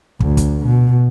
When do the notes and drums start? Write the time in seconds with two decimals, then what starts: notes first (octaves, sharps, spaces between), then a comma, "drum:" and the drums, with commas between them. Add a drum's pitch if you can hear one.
0.20 D2, drum: kick
0.37 drum: kick, hi-hat
0.65 B2